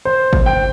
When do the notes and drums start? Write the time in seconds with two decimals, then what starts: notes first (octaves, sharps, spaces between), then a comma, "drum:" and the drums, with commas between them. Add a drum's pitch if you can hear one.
0.05 C5
0.33 drum: kick
0.46 G5